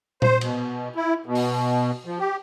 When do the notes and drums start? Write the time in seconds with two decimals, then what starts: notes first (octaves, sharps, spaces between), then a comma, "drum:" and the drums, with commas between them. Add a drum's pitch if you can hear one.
0.22 C5, drum: tom A#2
0.41 B2, drum: cymbal
0.95 E4
1.26 B2
1.35 drum: open hi-hat
2.06 F3
2.19 G4